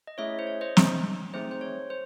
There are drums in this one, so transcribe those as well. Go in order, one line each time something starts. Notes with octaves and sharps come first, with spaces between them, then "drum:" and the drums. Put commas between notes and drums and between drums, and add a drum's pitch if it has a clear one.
D#5
A3 C#4 E4 G#4 C#5 E5
C5
C#5
C5 D#5
drum: snare
A3 C4 D#4 G#4 C5
C5
C#5
C5